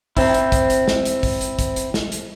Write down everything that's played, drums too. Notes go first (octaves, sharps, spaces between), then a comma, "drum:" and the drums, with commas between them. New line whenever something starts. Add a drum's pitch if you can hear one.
C4 E4, drum: kick, open hi-hat
drum: hi-hat
drum: kick, hi-hat
drum: hi-hat
drum: snare
drum: hi-hat
drum: kick, open hi-hat
drum: hi-hat
drum: kick, hi-hat
drum: hi-hat
drum: snare
drum: hi-hat